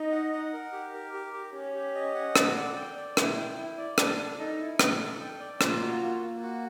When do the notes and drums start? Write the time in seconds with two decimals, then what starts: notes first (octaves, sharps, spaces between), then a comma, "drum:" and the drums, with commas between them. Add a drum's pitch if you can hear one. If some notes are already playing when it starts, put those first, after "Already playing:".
Already playing: D#4 D#5
0.12 F#5
0.33 F#5
0.53 A#4
0.72 G4
0.93 A#4
1.13 G4
1.33 G4
1.54 C#4 G4
1.74 G4
1.95 D#5
2.15 F#5
2.36 A4, drum: rim click
2.56 D5
2.76 G5
2.96 D5
3.17 E4, drum: rim click
3.37 G5
3.58 E4
3.78 D5
3.98 D4 A4, drum: rim click
4.18 A4
4.39 D#4 A4
4.59 E4
4.79 A4, drum: rim click
5.00 A4
5.21 G5
5.40 D5
5.61 A#3 F4, drum: rim click
5.81 F#4
6.01 A#3
6.22 A#3
6.42 F#4